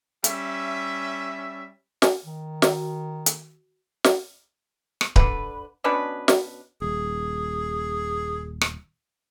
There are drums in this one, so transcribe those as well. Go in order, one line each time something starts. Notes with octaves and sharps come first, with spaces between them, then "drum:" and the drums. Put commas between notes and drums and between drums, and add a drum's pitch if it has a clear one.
G3 C#4 E5, drum: hi-hat
G#5, drum: snare
D#3
F#4, drum: snare
drum: hi-hat
drum: snare
drum: rim click
D3 B4, drum: kick D1
B2 C#4 D4 B4
drum: snare
D#1 G#4
drum: rim click